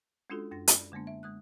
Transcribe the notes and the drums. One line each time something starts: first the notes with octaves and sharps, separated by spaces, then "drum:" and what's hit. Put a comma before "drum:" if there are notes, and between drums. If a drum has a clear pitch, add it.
G#3 C#4 D4 F4 F#4 A4
F#2 D4 A#6
D5 B5, drum: hi-hat
D3 G#3 A#3 B3 D4
E5
G#3 D#6 F#6